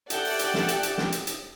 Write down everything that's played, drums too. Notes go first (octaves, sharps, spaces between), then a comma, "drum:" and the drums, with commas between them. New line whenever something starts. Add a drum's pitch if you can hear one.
G4 A4 D5 E5 F#5 G5, drum: hi-hat
drum: open hi-hat
drum: hi-hat
drum: snare
drum: hi-hat
drum: hi-hat
drum: snare
drum: hi-hat
drum: hi-hat